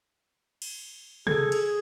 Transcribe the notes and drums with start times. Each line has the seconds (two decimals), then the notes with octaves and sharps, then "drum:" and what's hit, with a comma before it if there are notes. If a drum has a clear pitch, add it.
0.62 drum: cymbal
1.27 G#4 A4 G#6, drum: tom C3
1.52 drum: cymbal